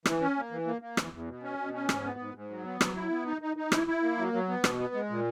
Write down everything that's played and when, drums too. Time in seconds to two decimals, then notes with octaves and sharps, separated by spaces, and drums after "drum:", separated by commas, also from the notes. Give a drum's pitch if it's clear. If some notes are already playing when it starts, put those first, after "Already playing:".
0.05 E3, drum: rim click
0.21 C#4
0.37 A#3
0.51 E3
0.66 A#3
0.82 A#3
0.97 E2, drum: rim click
1.12 E2
1.28 B2
1.43 C#4
1.58 B2
1.74 C#4
1.89 G#2, drum: rim click
2.04 B3
2.19 G#2
2.34 G#2
2.50 F#3
2.65 B3
2.81 F#3, drum: rim click
2.96 E4
3.10 B3
3.26 D#4
3.42 D#4
3.57 D#4
3.72 E4, drum: rim click
3.87 E4
4.03 A#3
4.18 F#3
4.33 F#3
4.49 B3
4.64 B2, drum: rim click
4.79 B3
4.94 G#3
5.10 A#2